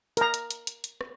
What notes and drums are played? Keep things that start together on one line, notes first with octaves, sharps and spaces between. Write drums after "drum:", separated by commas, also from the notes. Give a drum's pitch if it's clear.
A#4 A#5, drum: hi-hat
drum: hi-hat
drum: hi-hat
drum: hi-hat
drum: hi-hat
drum: rim click